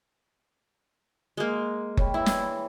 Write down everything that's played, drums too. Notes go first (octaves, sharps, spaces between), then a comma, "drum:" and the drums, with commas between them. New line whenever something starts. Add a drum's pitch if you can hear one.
G#3 A#3
G3 C#5, drum: kick F#1
E3 E4
drum: snare